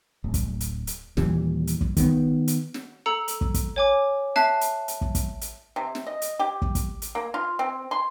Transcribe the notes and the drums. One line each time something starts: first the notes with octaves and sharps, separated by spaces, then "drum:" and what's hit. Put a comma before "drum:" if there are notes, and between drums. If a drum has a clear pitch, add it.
D1
drum: kick, hi-hat
drum: hi-hat
drum: hi-hat
D#2 A#2 E3 G3, drum: snare
drum: hi-hat
drum: kick
D#3 B3, drum: kick, hi-hat
drum: hi-hat
drum: snare
A4 A#5 E6 C#7 F#7
drum: hi-hat
drum: kick
drum: kick, hi-hat
C#5 G#5 D6
E5 A5 F#6 C7, drum: snare
drum: hi-hat
drum: hi-hat
drum: kick
drum: kick, hi-hat
drum: hi-hat
C3
drum: snare
D#5
drum: hi-hat
G4
drum: kick
drum: kick, hi-hat
drum: hi-hat
A#3
F4
C4
C6